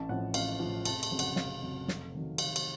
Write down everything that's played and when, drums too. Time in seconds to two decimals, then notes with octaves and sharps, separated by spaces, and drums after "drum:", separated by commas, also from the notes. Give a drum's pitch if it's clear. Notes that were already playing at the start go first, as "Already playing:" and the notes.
Already playing: A1 A5
0.09 A2 F3 F#5
0.34 A1 F5, drum: cymbal
0.60 F3
0.65 A2
0.85 F1 A5, drum: cymbal
1.03 A5, drum: cymbal
1.11 F2 C#3 F#3
1.19 F#5, drum: cymbal
1.36 F1 F5, drum: snare
1.62 F2 C#3 F#3
1.88 F1, drum: snare
2.14 F2 D#3 F#3
2.38 F1 F5, drum: cymbal
2.56 drum: cymbal